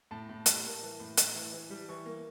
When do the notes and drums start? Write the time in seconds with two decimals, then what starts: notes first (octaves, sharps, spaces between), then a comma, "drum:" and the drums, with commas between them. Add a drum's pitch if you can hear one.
0.11 A2 A5
0.29 A2
0.46 G3 A5, drum: hi-hat
0.65 A#3
0.82 E3
1.00 A2
1.17 A2, drum: hi-hat
1.35 E3
1.53 E3
1.70 G3
1.89 E3 C#6
2.05 A#3